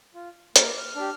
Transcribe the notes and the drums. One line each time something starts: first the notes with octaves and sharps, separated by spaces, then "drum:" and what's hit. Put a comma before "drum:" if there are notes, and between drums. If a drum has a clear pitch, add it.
F4
A#3 F6, drum: hi-hat
D6
F6
D4 G4